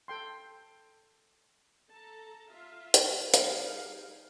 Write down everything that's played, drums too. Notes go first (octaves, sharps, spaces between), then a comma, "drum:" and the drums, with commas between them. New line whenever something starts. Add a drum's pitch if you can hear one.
A4 G5 C6
A4 A5 A#5
F4 E5 F5
drum: hi-hat
G3 D#4 G4 G#4 F5, drum: hi-hat